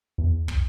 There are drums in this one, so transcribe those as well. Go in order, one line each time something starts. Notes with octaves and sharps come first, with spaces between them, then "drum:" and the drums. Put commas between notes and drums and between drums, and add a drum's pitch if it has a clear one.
E2
drum: kick